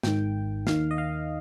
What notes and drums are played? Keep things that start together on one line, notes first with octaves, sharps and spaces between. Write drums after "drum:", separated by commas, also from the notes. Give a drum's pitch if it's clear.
G#1 G#2 D#3 G5, drum: snare
D#2 D#3 F5, drum: snare
D#5
F5